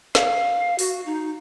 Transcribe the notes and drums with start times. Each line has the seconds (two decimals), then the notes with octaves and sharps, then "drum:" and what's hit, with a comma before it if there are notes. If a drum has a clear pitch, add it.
0.15 F5, drum: snare
0.79 F#4, drum: open hi-hat
1.06 D#4